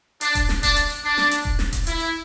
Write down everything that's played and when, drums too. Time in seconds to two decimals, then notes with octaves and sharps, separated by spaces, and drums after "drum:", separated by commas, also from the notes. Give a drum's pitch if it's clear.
0.21 D4, drum: hi-hat
0.35 drum: kick D#1, hi-hat
0.49 drum: snare
0.63 D4, drum: kick D#1, hi-hat
0.76 drum: hi-hat
0.90 drum: open hi-hat
1.04 D4
1.18 drum: snare
1.31 drum: hi-hat
1.45 drum: kick D#1
1.59 drum: snare
1.73 drum: kick D#1, hi-hat
1.87 E4, drum: hi-hat
2.00 drum: open hi-hat